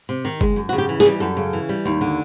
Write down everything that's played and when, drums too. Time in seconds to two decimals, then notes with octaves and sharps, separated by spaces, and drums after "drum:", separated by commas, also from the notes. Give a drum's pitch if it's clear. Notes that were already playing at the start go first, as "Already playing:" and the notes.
0.09 C3
0.25 D#3
0.41 G#3, drum: kick
0.56 F#2
0.69 C#3 F#4
0.78 G4
0.89 E3
1.00 G#4, drum: snare
1.05 G3
1.20 F#2 A4
1.37 C#3
1.53 E3
1.69 G3
1.85 D#2
2.01 D3